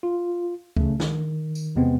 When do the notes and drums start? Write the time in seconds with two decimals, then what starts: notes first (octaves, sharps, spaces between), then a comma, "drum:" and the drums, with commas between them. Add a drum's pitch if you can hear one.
0.03 F4
0.77 C#3 A3, drum: kick C#2
1.00 D#3, drum: snare
1.55 drum: tambourine
1.75 E2 C3 G#3 B3 C4